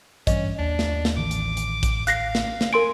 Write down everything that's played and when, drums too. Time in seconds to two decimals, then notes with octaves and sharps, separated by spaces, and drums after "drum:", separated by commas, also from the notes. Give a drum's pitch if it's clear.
0.27 G2 E3 G3 C#4 D#5, drum: kick, hi-hat
0.59 D#2 D4
0.79 drum: snare
1.05 drum: snare
1.17 A1 D#3 E3 D6
1.31 drum: hi-hat
1.57 drum: hi-hat
1.83 drum: kick, hi-hat
2.07 F5 F#6 A#6 C7, drum: hi-hat
2.35 drum: snare
2.61 drum: snare
2.73 A#4 G#5 C6 D7